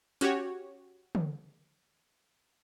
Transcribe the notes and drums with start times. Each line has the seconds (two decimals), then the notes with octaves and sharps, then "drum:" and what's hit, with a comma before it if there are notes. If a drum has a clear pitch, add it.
0.21 C#4 F#4 G4 C#5, drum: hi-hat
1.15 drum: tom